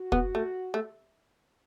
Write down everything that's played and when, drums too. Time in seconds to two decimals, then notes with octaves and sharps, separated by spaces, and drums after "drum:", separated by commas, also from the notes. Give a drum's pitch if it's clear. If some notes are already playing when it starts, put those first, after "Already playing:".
Already playing: F#4
0.12 B3, drum: kick
0.35 A3
0.74 A3